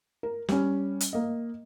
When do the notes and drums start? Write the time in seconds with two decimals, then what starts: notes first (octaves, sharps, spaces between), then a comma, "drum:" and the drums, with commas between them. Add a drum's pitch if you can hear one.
0.23 A#4
0.49 G3 C#4, drum: snare
1.01 drum: hi-hat
1.13 A#3 D#5